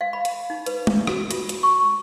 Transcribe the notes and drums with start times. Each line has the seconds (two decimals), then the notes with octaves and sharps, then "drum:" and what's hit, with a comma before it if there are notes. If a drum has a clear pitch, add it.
0.01 F5
0.13 B5
0.25 drum: hi-hat
0.50 D#4
0.66 B4, drum: hi-hat
0.87 drum: tom G#3
1.07 F#4, drum: rim click
1.31 F4, drum: hi-hat
1.49 drum: hi-hat
1.63 C#6